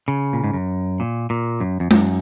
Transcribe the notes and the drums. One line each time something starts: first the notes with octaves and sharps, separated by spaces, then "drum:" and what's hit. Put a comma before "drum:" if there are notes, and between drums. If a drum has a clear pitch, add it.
C#3
A#2
G#2
F#2
A#2
A#2
F#2
F2
F#2, drum: tom G#3